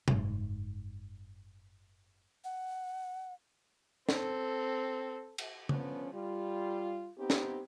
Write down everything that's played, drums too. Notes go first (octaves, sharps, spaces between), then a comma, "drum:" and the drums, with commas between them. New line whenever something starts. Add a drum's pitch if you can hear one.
F#1 G#2, drum: tom B2
F#5
C4 A4, drum: snare
drum: cymbal
D3 F3 B3 C#4, drum: tom C#3
G3 F4
B3 C4 D#4 G4
drum: snare